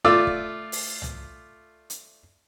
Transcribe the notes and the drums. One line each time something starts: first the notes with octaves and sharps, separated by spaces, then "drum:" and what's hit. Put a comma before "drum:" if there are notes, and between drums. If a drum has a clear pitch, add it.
A3 F4 D5 D6 E6
drum: kick
drum: open hi-hat
drum: tom
drum: hi-hat